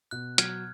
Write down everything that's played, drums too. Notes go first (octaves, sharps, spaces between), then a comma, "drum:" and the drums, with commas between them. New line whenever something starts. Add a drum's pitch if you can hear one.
B2 F#6
F#3 F6 G#6, drum: hi-hat